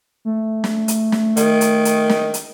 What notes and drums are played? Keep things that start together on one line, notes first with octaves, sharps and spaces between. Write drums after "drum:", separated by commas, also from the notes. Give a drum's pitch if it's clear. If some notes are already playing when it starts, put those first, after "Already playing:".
A3
drum: snare
drum: hi-hat
drum: snare
D#3, drum: hi-hat
drum: hi-hat
drum: hi-hat
drum: snare
drum: hi-hat